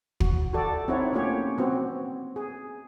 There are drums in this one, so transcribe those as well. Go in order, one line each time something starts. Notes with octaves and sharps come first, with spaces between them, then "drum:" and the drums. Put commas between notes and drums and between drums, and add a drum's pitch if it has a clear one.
F#4, drum: kick
F#4 G4 A4 D5
C4 D#4 E4 C#5 F#5
A3 A#3 C#4 F4 G4 C#5
B3 C4 F#4
G#4